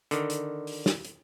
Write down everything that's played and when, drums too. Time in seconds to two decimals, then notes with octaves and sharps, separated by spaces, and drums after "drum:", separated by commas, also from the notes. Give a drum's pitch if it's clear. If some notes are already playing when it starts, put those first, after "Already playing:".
0.11 D3 D#3, drum: hi-hat
0.30 drum: hi-hat
0.67 drum: open hi-hat
0.86 drum: snare
1.05 drum: hi-hat